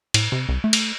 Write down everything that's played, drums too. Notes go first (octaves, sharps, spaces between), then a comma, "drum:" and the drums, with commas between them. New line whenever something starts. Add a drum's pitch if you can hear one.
A2, drum: cymbal
C3
C2
A3
drum: cymbal